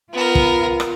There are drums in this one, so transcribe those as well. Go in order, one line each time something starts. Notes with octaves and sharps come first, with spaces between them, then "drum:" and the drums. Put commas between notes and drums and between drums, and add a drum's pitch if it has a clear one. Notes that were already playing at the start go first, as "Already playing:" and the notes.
B3 F4 A#4
drum: kick
drum: rim click